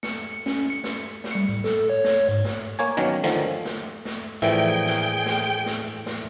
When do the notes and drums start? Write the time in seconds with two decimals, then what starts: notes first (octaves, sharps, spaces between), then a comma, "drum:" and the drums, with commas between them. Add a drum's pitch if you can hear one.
0.03 C#7, drum: snare
0.46 C#4, drum: snare
0.70 C#7
0.84 drum: snare
1.24 drum: snare
1.35 G3
1.49 A2
1.64 A4, drum: snare
1.90 C#5
2.04 drum: snare
2.29 G#2
2.45 drum: snare
2.79 A#3 C#5 G#5
2.97 B2 D#3 F#3 C#4
3.24 D3 D#3 F3, drum: snare
3.65 drum: snare
4.05 drum: snare
4.42 A2 E3 F3 G#4 A#4 D5 E5 G5
4.86 drum: snare
5.26 drum: snare
5.66 drum: snare
6.06 drum: snare